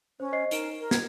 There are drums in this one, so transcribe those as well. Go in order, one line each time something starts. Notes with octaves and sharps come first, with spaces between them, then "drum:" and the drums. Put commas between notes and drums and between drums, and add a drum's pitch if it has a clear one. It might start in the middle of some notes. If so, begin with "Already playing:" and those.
C#4 C5
C5 D#5 C7
D#4 A#4 D7 E7, drum: hi-hat
A#4
G#6, drum: snare